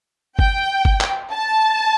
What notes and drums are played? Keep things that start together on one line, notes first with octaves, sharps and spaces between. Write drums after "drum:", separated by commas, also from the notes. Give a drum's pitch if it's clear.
G5, drum: kick G1
drum: kick G1
drum: clap
A5